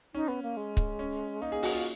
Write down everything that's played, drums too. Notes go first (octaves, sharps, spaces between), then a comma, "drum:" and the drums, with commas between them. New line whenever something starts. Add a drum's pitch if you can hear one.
C#4 D#4
B3
A#3
G#3
drum: kick C#1
C#4
A#3 D#4
G#4
F#4, drum: open hi-hat
F4